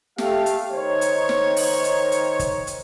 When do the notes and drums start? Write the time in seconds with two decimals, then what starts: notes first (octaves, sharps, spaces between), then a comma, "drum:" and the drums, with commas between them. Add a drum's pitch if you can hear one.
0.18 A3 G4 F5, drum: snare
0.46 drum: hi-hat
0.71 D#3 D#4 C5 C#5
1.01 drum: hi-hat
1.29 drum: snare
1.56 drum: open hi-hat
1.84 drum: hi-hat
2.12 drum: hi-hat
2.39 drum: kick, hi-hat
2.67 drum: hi-hat